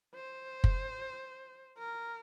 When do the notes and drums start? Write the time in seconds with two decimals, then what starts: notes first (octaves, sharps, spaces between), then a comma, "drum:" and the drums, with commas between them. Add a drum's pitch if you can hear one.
0.15 C5
0.64 drum: kick
1.79 A#4